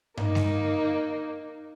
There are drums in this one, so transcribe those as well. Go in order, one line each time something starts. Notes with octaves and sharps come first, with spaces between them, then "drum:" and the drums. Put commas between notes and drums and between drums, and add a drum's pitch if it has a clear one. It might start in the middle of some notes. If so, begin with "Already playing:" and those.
A#3 D#4, drum: tom G2
drum: snare G#3